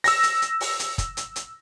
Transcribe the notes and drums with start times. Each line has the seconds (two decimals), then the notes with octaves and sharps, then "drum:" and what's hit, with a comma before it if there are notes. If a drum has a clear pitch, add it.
0.04 E6 A#6, drum: open hi-hat
0.23 drum: hi-hat
0.42 drum: hi-hat
0.61 drum: open hi-hat
0.79 drum: hi-hat
0.98 drum: kick, hi-hat
1.17 drum: hi-hat
1.36 drum: hi-hat